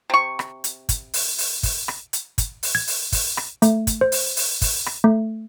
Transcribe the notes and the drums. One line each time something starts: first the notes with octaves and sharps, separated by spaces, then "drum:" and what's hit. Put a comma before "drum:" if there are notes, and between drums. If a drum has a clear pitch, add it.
C3 C#6
drum: rim click
drum: hi-hat
drum: kick, hi-hat
drum: open hi-hat
drum: open hi-hat
drum: kick, open hi-hat
drum: rim click
drum: hi-hat
drum: kick, hi-hat
drum: open hi-hat
G#6
drum: open hi-hat
drum: kick, open hi-hat
drum: rim click
A3, drum: hi-hat
drum: kick, hi-hat
C5
drum: open hi-hat
drum: open hi-hat
drum: kick, open hi-hat
drum: rim click
A3